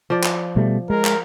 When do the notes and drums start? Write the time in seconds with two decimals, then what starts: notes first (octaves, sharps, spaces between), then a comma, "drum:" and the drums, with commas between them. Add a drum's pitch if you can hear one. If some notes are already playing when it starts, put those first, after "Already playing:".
0.10 F3 D5
0.24 drum: clap
0.56 B2 G3 A3
0.90 G#3 A#4
1.05 drum: clap